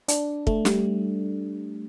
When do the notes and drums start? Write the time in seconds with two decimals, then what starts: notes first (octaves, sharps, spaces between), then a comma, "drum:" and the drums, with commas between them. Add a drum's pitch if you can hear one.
0.08 D4, drum: hi-hat
0.47 A3, drum: kick
0.65 G3, drum: snare